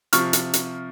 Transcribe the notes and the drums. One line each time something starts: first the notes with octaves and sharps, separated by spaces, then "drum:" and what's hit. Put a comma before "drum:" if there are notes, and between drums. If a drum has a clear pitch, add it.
C3 F3 C#6 F6, drum: hi-hat
drum: hi-hat
drum: hi-hat